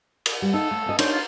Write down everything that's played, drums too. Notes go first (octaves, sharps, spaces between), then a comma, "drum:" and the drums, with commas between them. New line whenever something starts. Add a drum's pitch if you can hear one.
drum: cymbal
G3
D#4 A4
A3
C#4 D#5
D4 D#4 C5 C#5, drum: cymbal
F4